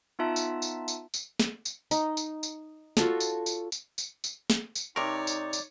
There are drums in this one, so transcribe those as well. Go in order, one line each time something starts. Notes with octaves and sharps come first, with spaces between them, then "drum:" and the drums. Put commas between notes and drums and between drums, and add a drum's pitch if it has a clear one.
B3 D#4 F4 E5 A5
drum: tambourine
drum: tambourine
drum: tambourine
drum: tambourine
drum: snare
drum: tambourine
D#4, drum: tambourine
drum: tambourine
drum: tambourine
F4 F#4 A4 C#5, drum: snare
drum: tambourine
drum: tambourine
drum: tambourine
drum: tambourine
drum: tambourine
drum: snare
drum: tambourine
C3 D#4 A#4 C#5 D5 C#6
drum: tambourine
drum: tambourine